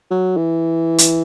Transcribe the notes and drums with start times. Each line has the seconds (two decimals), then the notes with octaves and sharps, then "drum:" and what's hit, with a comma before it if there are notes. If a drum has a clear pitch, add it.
0.11 F#3
0.37 E3
0.98 drum: hi-hat